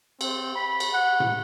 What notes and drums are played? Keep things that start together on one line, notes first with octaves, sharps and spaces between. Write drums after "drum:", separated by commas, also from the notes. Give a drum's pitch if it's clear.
C4, drum: cymbal
B5
drum: cymbal
F#5
drum: tom A2